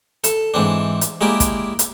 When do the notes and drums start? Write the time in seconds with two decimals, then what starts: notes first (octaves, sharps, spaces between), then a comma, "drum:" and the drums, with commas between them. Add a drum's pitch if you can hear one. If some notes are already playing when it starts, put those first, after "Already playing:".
0.24 A4, drum: hi-hat
0.54 G#2 E3 C4 D4
1.01 drum: hi-hat
1.21 G#3 A#3 E4 G4 A#4 D5
1.40 drum: kick, hi-hat
1.79 drum: hi-hat